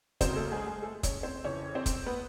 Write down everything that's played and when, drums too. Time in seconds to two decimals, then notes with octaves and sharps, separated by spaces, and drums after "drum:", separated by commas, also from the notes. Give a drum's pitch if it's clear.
0.21 C#3 F#3 A#3 C4 C5, drum: kick, hi-hat
0.36 A3 A4
0.52 G#3 G#4
0.67 G#3 G#4
0.82 A3 A4
1.03 C#4 C#5, drum: kick, hi-hat
1.23 C4 C5
1.44 F2 C#3 E3 C#4 C#5
1.75 C4 C5
1.86 drum: kick, hi-hat
2.06 B3 B4